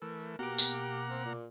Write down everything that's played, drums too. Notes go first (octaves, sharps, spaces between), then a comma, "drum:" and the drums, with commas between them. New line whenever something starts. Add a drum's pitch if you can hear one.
E3 A3 A#4
B2 A#3 G4 F#5 A#5 D6
drum: tambourine
C4
A#2